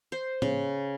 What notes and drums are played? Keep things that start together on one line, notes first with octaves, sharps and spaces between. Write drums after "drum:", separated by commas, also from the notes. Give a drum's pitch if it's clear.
C5
C#3, drum: tom